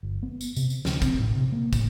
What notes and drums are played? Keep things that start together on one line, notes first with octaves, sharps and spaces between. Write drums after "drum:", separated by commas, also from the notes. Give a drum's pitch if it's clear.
G1
B3
drum: tambourine
C3, drum: tambourine
drum: tambourine
D2, drum: snare
C4, drum: kick, tambourine
A2
C3
A#3
A2, drum: kick, tambourine